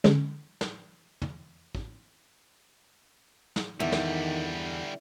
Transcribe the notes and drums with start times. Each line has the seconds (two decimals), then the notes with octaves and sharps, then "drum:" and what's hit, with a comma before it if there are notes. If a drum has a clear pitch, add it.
0.04 D3 G#3 C#4, drum: snare
0.61 drum: snare
1.22 drum: tom
1.75 drum: kick
3.56 drum: snare
3.80 E2 D3 D#3 G3
3.92 drum: snare